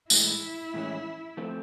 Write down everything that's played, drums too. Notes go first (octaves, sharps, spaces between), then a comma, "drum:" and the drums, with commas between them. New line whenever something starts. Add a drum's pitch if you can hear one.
A2 E3 G#3 E4, drum: tambourine
A2 E3 G#3 C#4
F3 A3 C4